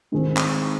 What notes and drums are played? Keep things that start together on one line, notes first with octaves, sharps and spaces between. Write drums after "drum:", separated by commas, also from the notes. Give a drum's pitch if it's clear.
G#2 D#3 G#3 C4
drum: clap